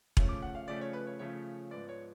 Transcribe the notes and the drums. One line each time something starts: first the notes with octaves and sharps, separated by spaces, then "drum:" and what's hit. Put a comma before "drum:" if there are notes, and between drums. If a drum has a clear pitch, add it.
C#3 F3 A3 C#4, drum: kick E1
D6
F#5
F5
C#3 F3 A3 C#4 D5
C#5
B4
C#5
C#3 F3 A3 C#4 C#5
G#2 F3 B3 D5
C#5